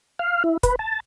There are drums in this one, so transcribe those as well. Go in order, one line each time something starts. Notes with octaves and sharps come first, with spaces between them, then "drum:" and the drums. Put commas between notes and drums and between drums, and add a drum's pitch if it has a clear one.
F5
E4
B4, drum: kick, hi-hat
A5